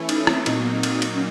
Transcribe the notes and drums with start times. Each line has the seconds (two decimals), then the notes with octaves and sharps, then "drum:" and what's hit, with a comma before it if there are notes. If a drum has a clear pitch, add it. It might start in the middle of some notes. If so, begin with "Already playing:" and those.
Already playing: E3 A3 C#4 E4
0.09 D#4, drum: cymbal
0.27 C4, drum: rim click
0.46 A#2 F#3 A#3 C4 D#4, drum: cymbal
0.60 B3
0.73 C4
0.83 drum: cymbal
1.02 drum: cymbal
1.14 C#4